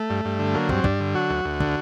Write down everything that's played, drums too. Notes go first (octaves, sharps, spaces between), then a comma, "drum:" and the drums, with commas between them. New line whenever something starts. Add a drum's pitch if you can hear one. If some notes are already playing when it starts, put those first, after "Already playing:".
Already playing: A3
G2
G2
D3
F#3 A#3
G2 C4, drum: kick
G2 D4, drum: kick
D3
F#3 F#4
D2
D2
D3, drum: kick